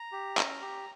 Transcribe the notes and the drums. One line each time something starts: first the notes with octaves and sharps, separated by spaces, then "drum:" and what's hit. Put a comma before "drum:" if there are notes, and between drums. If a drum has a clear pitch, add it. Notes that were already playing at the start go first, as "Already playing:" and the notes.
Already playing: A#5
G4
C#4, drum: clap
G4